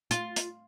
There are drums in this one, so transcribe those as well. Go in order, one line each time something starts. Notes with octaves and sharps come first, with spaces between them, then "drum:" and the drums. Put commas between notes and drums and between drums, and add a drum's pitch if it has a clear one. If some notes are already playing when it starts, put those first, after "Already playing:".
F4, drum: hi-hat
drum: hi-hat